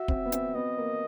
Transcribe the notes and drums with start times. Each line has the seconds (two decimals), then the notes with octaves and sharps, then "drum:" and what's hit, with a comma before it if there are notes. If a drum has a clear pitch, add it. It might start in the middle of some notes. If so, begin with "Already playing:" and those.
Already playing: F#4 E5
0.08 C4, drum: kick
0.26 B3
0.32 C4, drum: hi-hat
0.55 B3 D#5
0.78 A#3